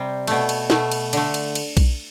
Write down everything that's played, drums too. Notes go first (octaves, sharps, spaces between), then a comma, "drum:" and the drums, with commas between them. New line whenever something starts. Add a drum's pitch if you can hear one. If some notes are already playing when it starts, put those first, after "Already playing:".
Already playing: C3 G3
B2 A3, drum: cymbal
drum: cymbal
B2 A3, drum: snare
drum: cymbal
D3 A3, drum: cymbal
drum: cymbal
drum: cymbal
drum: kick B1, cymbal